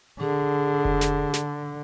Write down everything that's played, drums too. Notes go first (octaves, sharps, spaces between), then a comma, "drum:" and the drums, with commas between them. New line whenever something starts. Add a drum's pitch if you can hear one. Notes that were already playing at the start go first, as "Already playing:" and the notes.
D3 G#4
drum: kick F1
drum: snare
drum: snare